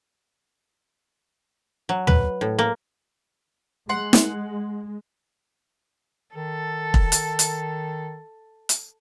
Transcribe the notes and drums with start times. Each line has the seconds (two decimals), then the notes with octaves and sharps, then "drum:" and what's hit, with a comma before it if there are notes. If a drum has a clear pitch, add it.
1.89 F#3
2.07 B4, drum: tom
2.41 A2
2.59 A#3
3.89 G#3 F#5 C6
4.13 drum: snare
6.35 D#3 A4
6.94 drum: kick
7.12 drum: hi-hat
7.39 drum: hi-hat
8.69 drum: hi-hat